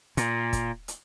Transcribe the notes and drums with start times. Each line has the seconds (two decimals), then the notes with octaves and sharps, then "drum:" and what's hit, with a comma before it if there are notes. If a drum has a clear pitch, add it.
0.17 A#2, drum: hi-hat
0.53 drum: kick, hi-hat
0.88 drum: hi-hat